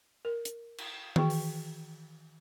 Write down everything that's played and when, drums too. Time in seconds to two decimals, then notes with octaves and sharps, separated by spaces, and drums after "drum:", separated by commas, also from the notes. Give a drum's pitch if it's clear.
0.25 A#4
0.45 drum: hi-hat
0.78 drum: cymbal
1.16 D#3 E3 F#4 G#4 G5 C#6, drum: tom D#3
1.30 drum: open hi-hat